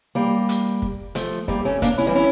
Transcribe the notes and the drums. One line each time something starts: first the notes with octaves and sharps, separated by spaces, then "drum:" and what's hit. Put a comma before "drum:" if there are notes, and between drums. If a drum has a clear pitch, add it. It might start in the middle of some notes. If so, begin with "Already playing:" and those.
G3 A#3
drum: hi-hat
drum: kick
F3 A3, drum: hi-hat
G3 A#3, drum: kick
A3 C#4
A#3 D4, drum: kick, hi-hat
C#4 E4
E3 G3
C#4 E4